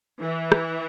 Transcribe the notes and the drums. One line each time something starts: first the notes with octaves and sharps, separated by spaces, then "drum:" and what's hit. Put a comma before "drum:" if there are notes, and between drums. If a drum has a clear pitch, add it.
E3
drum: rim click